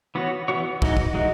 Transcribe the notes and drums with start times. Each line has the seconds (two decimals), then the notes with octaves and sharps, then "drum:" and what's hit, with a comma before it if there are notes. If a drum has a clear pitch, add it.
0.15 E3 B3 F#4 C#5
0.48 E3 B3 F#4 C#5
0.82 E3 G#3 D#4 F#4, drum: kick
0.97 drum: kick
1.14 E3 G#3 D#4 F#4